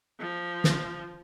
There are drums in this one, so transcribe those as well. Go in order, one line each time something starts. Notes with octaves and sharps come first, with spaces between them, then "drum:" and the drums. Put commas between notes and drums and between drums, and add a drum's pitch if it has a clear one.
F3
drum: snare